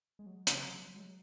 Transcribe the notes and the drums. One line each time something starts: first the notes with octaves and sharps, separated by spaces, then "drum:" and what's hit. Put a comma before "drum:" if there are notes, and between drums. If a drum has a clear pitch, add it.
G#3
F#3
C#3, drum: hi-hat
F#3
F#3
G#3
F#3